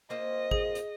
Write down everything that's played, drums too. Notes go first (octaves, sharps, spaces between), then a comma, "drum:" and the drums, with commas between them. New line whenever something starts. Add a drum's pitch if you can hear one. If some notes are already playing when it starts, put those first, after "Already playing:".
A#3 C4 F4 D#5
G#4, drum: kick G#1
drum: hi-hat